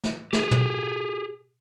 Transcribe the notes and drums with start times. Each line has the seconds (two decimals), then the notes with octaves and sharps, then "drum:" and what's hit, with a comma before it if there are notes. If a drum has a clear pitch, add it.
0.04 drum: snare
0.33 G4 G#4, drum: snare
0.51 drum: tom